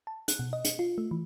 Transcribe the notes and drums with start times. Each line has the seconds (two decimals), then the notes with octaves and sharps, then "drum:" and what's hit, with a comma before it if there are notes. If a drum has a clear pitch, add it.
0.07 A5
0.28 F#6, drum: hi-hat
0.39 B2
0.53 D#5
0.65 C#7, drum: hi-hat
0.79 F4
0.98 A3
1.11 E3